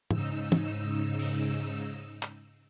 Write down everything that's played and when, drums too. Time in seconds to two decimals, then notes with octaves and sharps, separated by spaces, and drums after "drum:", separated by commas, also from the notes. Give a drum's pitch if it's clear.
0.11 G#2 C#3 D#4 E6, drum: tom
0.52 drum: tom
1.19 drum: open hi-hat
2.23 drum: clap